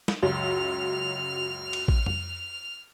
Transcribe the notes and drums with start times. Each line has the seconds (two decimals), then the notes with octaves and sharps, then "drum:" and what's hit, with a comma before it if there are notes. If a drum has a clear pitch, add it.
0.08 drum: snare
0.23 C#2 F#2 F#3 F6 F7
1.73 drum: cymbal
1.88 drum: kick A1
2.06 drum: tom F2